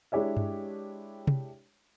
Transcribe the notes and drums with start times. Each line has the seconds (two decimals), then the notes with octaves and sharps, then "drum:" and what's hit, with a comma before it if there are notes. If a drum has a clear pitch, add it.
0.12 G#3 D4 E4 G4 C#5 E5
0.37 drum: tom G2
1.27 drum: tom C3